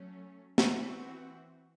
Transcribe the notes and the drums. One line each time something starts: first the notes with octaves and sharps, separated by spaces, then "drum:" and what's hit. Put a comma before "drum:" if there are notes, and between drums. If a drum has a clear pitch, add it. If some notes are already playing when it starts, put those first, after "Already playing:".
Already playing: F#3 A3 C#4
E3 C4 F#4, drum: snare